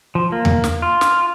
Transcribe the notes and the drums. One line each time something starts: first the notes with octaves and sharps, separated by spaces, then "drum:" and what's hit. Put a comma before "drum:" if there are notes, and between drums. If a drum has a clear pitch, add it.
F3
A#3
drum: tom E2
drum: snare
F4
drum: snare